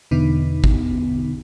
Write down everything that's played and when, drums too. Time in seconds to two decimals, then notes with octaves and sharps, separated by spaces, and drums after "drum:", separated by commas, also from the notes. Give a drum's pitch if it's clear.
0.11 E2 B2 D3 B3 D#4
0.64 drum: kick G#1